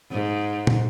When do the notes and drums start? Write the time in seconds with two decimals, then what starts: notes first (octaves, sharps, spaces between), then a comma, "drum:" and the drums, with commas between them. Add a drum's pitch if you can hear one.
0.12 G#2
0.67 drum: tom